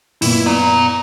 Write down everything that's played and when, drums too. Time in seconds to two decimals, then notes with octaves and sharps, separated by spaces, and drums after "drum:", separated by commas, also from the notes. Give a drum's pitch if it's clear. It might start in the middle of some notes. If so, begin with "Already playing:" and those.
0.22 F#2 A#2 B3 E4, drum: open hi-hat
0.46 D5 A#5